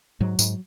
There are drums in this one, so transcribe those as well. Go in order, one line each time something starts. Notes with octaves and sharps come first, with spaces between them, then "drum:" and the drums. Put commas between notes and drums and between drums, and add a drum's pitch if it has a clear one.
G#2 F#3
G#2, drum: tambourine